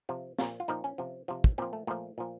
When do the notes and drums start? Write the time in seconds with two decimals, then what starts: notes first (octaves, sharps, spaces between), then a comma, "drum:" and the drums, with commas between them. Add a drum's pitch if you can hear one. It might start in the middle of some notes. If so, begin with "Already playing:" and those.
0.09 C3 F3
0.39 A#2 F3, drum: snare
0.60 F4
0.68 A#2 F3 D#4
0.84 C#4
0.98 C3 F3
1.28 C3 F3
1.44 drum: kick
1.58 A#2 F3 C4
1.73 A3
1.87 A#2 F3 A3
2.18 A#2 F3